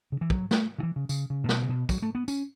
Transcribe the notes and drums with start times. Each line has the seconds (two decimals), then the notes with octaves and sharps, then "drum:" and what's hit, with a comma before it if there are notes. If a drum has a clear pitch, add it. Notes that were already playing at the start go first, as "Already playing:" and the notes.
0.12 C#3
0.21 E3
0.30 F#3, drum: kick
0.51 A3, drum: snare
0.78 C#3
0.83 E3
0.96 C#3
1.09 C#3, drum: tambourine
1.30 C#3
1.44 A2
1.49 B2, drum: snare
1.62 C#3
1.69 B2
1.89 F#3, drum: kick, tambourine
2.02 A3
2.15 B3
2.28 C#4, drum: tambourine